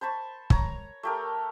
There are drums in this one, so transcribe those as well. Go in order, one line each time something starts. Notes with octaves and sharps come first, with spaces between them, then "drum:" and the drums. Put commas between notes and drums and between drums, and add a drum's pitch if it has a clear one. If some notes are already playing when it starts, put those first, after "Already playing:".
C5 A5 B5 C#6
C#5 A#5, drum: kick
A3 G4 A#4